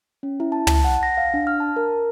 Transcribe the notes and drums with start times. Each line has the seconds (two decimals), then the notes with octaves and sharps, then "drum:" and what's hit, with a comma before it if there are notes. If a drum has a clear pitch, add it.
0.23 C#4
0.40 E4
0.52 A5
0.67 A5, drum: tom
0.84 F#5
1.03 A#6
1.17 F5
1.34 D4
1.47 F6
1.60 A5
1.76 A#4